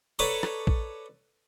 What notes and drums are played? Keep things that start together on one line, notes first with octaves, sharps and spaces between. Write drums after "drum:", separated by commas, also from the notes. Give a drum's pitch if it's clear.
A4 B4 C#5 D5 A5 A#5
drum: rim click
drum: kick A#1